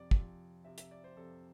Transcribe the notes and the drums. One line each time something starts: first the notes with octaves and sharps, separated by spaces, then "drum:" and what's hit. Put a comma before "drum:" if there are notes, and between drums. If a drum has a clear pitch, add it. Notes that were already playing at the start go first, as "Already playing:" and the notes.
Already playing: F2 C3 F3 D5
F2 C3 F3, drum: kick
F2 C3 F3 E5
E5, drum: hi-hat
D5
C5
F2 C3 F3 A4